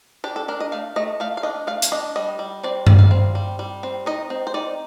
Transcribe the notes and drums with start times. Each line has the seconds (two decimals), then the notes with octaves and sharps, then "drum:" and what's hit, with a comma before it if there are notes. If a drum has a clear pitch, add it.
0.24 D4 G4
0.36 A4
0.48 D4 A#4
0.60 D#5
0.72 A3 F5
0.96 A3 D#5
1.20 A3 F5
1.37 F5
1.43 D4 D#5
1.67 A3 F5
1.82 drum: hi-hat
1.92 D4 D#5
2.16 G3 D#5
2.39 G3
2.63 C4 D5
2.87 G3 D5, drum: tom G2
2.99 F5
3.11 C4
3.35 G3
3.59 G3
3.83 C4
4.06 D#4 D#5
4.30 C4
4.47 C5
4.54 D#4 D5